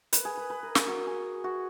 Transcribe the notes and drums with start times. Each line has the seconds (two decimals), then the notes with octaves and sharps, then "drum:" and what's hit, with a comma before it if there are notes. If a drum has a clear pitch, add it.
0.13 B4, drum: hi-hat
0.25 G#4
0.37 B4
0.50 B4
0.63 A#4
0.75 G#4, drum: snare
0.88 F#4
1.07 G#4
1.44 F#4